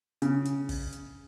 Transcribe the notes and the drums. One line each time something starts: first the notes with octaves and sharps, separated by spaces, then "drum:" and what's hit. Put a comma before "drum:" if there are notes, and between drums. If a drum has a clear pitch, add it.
C#3, drum: hi-hat
drum: hi-hat
drum: kick, open hi-hat
drum: hi-hat